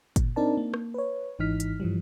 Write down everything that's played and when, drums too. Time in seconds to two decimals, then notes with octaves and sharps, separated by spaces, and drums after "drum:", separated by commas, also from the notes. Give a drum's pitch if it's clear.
0.16 A#2, drum: kick, hi-hat
0.36 C4 D4 D#4 A#4 D5 A5
0.57 A#3
0.74 drum: rim click
0.94 B4 C#5
1.39 G#1 G#2 E3 D#4 F6 B6
1.60 drum: hi-hat
1.80 G2 E3 F3 G3